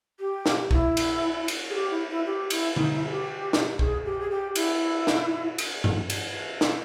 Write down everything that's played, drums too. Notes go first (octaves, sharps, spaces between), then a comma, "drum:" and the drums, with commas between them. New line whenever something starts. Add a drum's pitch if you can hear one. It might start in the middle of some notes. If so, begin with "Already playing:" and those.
G4
drum: snare
E4, drum: kick B1
drum: cymbal
drum: cymbal
G#4
G4
E4
E4
G4
E4, drum: cymbal
D#4, drum: tom D3
E4
G#4
G4
drum: snare
G#4, drum: kick B1
G4
G#4
G4
E4, drum: cymbal
drum: snare
drum: cymbal
drum: tom G2
drum: cymbal
drum: snare